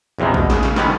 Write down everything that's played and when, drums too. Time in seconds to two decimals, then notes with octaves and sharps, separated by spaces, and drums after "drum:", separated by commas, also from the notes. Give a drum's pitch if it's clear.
0.19 A#1 E2 C3 G3 G#3
0.34 B2, drum: kick A1
0.50 C#3, drum: snare
0.63 drum: snare
0.76 D3 D#3 F3 G3 B3 C#4, drum: snare